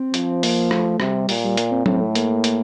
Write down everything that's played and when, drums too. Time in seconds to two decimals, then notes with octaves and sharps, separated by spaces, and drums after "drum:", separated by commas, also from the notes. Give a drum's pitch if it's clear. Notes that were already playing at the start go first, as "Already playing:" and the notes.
Already playing: C4
0.14 F3, drum: hi-hat
0.43 A#3, drum: open hi-hat
0.71 A3, drum: rim click
1.00 C3 G3, drum: rim click
1.29 A#2, drum: open hi-hat
1.44 G3
1.57 A#3, drum: hi-hat
1.71 C4
1.86 A2 C4, drum: tom F#3
2.01 A3
2.15 A#3, drum: hi-hat
2.44 drum: hi-hat